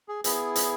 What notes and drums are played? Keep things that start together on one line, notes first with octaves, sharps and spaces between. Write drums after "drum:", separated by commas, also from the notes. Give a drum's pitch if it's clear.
G#4
B3 E4 G#4, drum: hi-hat
drum: hi-hat